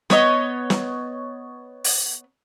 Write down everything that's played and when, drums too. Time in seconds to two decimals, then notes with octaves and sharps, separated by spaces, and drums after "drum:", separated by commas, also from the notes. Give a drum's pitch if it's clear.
0.10 B3 C#5 D#5, drum: snare
0.70 drum: snare
1.84 drum: open hi-hat